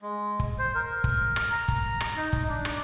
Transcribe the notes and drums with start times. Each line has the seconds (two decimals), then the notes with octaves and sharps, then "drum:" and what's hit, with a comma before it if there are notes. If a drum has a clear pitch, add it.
0.02 G#3
0.39 drum: kick
0.58 C5
0.75 A#4
1.04 drum: kick
1.36 drum: rim click
1.52 A#5
1.68 drum: kick
2.01 drum: rim click
2.17 D#4
2.33 drum: kick
2.49 D4
2.65 drum: rim click